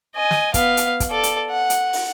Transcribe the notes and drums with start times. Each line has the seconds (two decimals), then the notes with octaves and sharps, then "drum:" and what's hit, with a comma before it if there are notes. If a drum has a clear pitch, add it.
0.15 D#5 G#5
0.31 drum: snare
0.54 B3 F5, drum: kick, hi-hat
0.77 drum: hi-hat
1.00 drum: kick, hi-hat
1.10 A4 D5
1.23 drum: hi-hat
1.51 F#5
1.70 drum: hi-hat
1.93 drum: open hi-hat